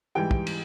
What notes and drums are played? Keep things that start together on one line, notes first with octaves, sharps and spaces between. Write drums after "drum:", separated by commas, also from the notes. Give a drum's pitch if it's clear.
G#2 E3 G3 G5
drum: kick
drum: cymbal